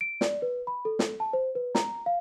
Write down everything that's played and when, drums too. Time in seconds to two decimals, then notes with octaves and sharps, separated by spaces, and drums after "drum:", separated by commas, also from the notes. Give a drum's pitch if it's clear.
0.01 D7
0.21 D5, drum: snare
0.42 B4
0.67 B5
0.85 A4
0.99 drum: snare
1.20 A5
1.33 C5
1.55 B4
1.75 A#5, drum: snare
2.06 F5